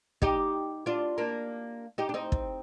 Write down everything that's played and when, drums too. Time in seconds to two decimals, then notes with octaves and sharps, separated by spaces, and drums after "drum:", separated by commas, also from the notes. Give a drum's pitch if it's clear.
0.22 D#4 G4, drum: kick
0.86 D4 F4
1.18 A#3 D4
1.98 D#4 G4
2.09 D4
2.14 C4 D#4
2.32 drum: kick